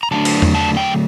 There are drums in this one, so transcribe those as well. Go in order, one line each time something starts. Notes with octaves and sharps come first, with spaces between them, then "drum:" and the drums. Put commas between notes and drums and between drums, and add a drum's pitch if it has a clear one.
A#5
D3 F#3 A3 D4 A5
drum: cymbal
drum: tom E2
A5
G5